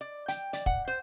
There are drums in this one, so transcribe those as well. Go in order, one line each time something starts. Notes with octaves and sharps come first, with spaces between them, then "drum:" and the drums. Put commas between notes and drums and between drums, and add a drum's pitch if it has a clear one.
D5
G5, drum: hi-hat
D5, drum: hi-hat
F#5, drum: kick
C5